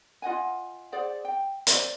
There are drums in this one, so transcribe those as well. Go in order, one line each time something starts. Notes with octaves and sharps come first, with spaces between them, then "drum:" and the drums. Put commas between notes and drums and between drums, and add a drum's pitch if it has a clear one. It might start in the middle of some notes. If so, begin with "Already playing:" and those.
F4 D#5 F#5 G#5
G#4 C5 D5 F#5
G5
A#4 C5 D5 E5, drum: hi-hat